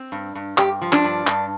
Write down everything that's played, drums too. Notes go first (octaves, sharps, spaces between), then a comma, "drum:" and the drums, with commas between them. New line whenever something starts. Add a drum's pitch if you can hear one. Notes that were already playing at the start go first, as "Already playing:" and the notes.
Already playing: C4
G2
G2
G2 G4, drum: clap
F3
D4, drum: clap
G2
G2, drum: clap